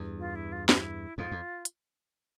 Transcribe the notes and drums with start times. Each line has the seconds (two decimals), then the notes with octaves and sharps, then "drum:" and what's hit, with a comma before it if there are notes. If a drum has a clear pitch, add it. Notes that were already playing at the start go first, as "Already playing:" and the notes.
Already playing: E2 G2
0.19 F4
0.36 E4
0.52 F4
0.69 E4, drum: snare
1.18 F2 G#2 F4
1.32 F2
1.65 drum: hi-hat